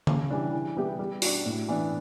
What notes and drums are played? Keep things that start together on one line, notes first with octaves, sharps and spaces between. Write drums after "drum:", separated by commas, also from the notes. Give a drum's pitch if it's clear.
C#3, drum: tom D3
E3 G3 D4
E3
G3 B3 E4 G4
G3
D4 F#4, drum: open hi-hat
A2
E3 B3 D4